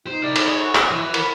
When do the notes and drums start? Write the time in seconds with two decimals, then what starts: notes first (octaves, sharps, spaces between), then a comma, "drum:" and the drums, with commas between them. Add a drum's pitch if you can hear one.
0.07 D#4 C5
0.23 E4 A#4 D5
0.36 drum: cymbal
0.48 G#4 C#5
0.64 F#4
0.75 drum: clap
0.91 E3 E4
1.14 A#4 B5, drum: cymbal